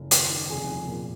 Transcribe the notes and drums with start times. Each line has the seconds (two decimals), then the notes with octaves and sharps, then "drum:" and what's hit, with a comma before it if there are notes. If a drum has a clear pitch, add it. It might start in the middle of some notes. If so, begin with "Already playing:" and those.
Already playing: F#1
0.11 D#2, drum: hi-hat
0.30 D#3
0.49 F1 G#4 G#5
0.69 F1
0.88 A#2